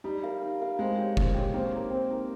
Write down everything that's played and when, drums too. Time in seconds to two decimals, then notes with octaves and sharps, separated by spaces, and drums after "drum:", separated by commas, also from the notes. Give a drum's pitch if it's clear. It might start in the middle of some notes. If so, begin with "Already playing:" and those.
0.04 G3 D#4
0.23 A#4 F5
0.42 D#4
0.61 A#4 F5
0.79 G#3 C4
0.98 G4 C#5
1.17 C4, drum: kick F1
1.34 G4 C#5
1.54 A#3 C4
1.72 D#4 A#4
1.91 C4
2.10 D#4 A#4